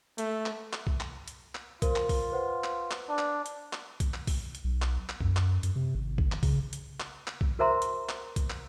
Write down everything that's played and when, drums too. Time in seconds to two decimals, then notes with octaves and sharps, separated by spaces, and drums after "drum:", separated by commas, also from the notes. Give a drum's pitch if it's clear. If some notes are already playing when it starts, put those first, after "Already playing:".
0.18 A3, drum: hi-hat
0.46 drum: clap
0.73 drum: clap
0.87 drum: kick B1
1.00 drum: clap
1.28 drum: hi-hat
1.55 drum: clap
1.82 F4 A#4 C5, drum: kick B1, hi-hat
1.96 drum: clap
2.09 drum: kick B1, open hi-hat
2.32 B4 C5 F#5
2.64 drum: clap
2.91 drum: clap
3.09 D4
3.18 drum: clap
3.46 drum: hi-hat
3.73 drum: clap
4.00 drum: kick B1, hi-hat
4.14 drum: clap
4.27 drum: kick B1, open hi-hat
4.55 drum: hi-hat
4.64 B1
4.82 drum: clap
5.09 drum: clap
5.21 F#2, drum: kick B1
5.36 drum: clap
5.63 F#2, drum: hi-hat
5.76 C3
5.95 G#1
6.18 drum: kick B1
6.32 drum: clap
6.43 C#3, drum: kick B1, open hi-hat
6.73 drum: hi-hat
7.00 drum: clap
7.27 drum: clap
7.41 drum: kick B1
7.59 F#4 A#4 C5 E5 A#5 C6
7.82 drum: hi-hat
8.09 drum: clap
8.36 drum: kick B1, hi-hat
8.50 drum: clap